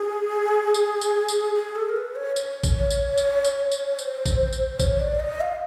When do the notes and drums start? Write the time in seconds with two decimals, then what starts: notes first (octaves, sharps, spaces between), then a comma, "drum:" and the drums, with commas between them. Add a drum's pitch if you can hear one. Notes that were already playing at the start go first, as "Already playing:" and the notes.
Already playing: G#4
0.74 drum: tambourine
1.01 drum: tambourine
1.28 drum: tambourine
1.55 G#4
1.76 A4
1.89 A#4
1.96 B4
2.16 C#5
2.36 C#5, drum: tambourine
2.63 drum: kick, tambourine
2.90 drum: tambourine
3.17 drum: tambourine
3.44 drum: tambourine
3.72 drum: tambourine
3.99 C5, drum: tambourine
4.26 drum: kick, tambourine
4.53 drum: tambourine
4.80 C#5, drum: kick, tambourine
5.00 D5
5.20 D#5
5.41 F5